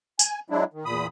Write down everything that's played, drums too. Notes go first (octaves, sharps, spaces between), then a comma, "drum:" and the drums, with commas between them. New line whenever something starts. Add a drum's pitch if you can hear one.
G#5, drum: tambourine
F#3 G#3 D4 E4
D#3
E2 A#2 B5 D#6